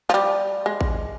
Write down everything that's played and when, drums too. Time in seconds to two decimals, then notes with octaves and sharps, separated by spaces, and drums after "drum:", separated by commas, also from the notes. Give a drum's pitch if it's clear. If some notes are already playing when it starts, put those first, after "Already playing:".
0.10 F3
0.14 G3
0.66 G#3
0.81 drum: kick A1